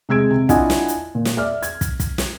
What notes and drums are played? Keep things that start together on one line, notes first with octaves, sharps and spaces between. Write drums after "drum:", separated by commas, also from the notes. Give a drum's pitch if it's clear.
C3 G#3 E6 G#6 D7
C3
D4 E4 F4 D#5 F#5 G#5, drum: kick, hi-hat
drum: snare
drum: hi-hat
A#2
drum: snare
D5 E5 F6
G#6, drum: hi-hat
drum: kick, hi-hat
drum: kick, hi-hat
drum: snare